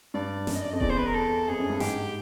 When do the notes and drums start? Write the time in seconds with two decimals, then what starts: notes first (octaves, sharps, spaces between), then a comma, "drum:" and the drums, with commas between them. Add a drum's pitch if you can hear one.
0.14 G2 D5
0.47 F#2, drum: snare
0.55 D#5
0.62 D5
0.70 F2 D#5
0.80 E2 D5, drum: kick D#1
0.90 C5
0.98 B4
1.06 A#4
1.14 A4
1.48 F2 G#4
1.59 F#2
1.70 G2
1.80 G#2 G4, drum: snare